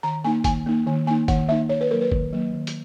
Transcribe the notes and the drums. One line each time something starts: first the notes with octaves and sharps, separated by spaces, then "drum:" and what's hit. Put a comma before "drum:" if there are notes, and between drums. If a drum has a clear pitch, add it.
D#3 A#5
A#3 D#4 G#5
D#3 G#5, drum: kick, hi-hat
A#3 D#4
D#3 G#5
A#3 D#4 G#5
D#3 F#5, drum: kick, hi-hat
A#3 D#4 E5
D#3 C#5
B4
F#3 A#3 A#4
B4
D#3, drum: kick
F#3 A#3
D#3
drum: hi-hat